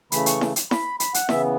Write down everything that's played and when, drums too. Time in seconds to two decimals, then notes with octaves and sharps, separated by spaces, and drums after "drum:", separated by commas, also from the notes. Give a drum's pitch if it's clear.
0.12 C#3 E3 A3 B5, drum: hi-hat
0.26 C#6, drum: hi-hat
0.41 drum: snare E4
0.56 drum: hi-hat
0.71 B5, drum: snare E4
1.00 B5, drum: hi-hat
1.14 F#5, drum: hi-hat
1.29 C#3 E3 B3 E5, drum: snare E4